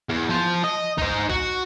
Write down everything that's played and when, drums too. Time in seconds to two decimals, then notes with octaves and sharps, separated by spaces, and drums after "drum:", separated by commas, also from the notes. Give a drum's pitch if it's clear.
0.09 E2
0.29 F3 C5
0.64 D#5
0.98 D#4 C5, drum: kick B1
1.30 F#4, drum: kick B1